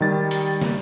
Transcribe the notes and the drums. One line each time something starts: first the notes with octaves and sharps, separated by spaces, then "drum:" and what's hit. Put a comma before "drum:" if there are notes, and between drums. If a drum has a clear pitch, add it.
D#3 G3 A6
drum: hi-hat
drum: snare